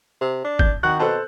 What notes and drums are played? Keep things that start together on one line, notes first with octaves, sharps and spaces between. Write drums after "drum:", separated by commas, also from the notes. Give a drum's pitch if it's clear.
C3
D4
G6, drum: kick
D#3 F#4 F#5 F#6
B2 A4 C5 A5